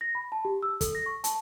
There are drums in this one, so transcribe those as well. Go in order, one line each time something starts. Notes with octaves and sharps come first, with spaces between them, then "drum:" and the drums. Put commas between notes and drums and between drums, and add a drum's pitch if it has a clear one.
A#6
B5
A5
G4
E6
A4, drum: kick, hi-hat
A#6
C#6
A5, drum: hi-hat